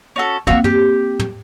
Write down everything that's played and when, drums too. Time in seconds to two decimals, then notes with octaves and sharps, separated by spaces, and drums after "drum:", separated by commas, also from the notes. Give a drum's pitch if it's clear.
0.16 C#4 F#4 A4
0.47 A#3 C4 F#4 E5 F5, drum: tom
0.64 G4, drum: tom
1.19 drum: tom